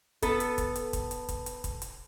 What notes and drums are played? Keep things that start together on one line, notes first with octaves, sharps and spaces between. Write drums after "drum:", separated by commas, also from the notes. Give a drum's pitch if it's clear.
B3 A4, drum: kick, hi-hat
drum: hi-hat
drum: kick, hi-hat
drum: hi-hat
drum: kick, hi-hat
drum: hi-hat
drum: kick, hi-hat
drum: hi-hat
drum: kick, hi-hat
drum: hi-hat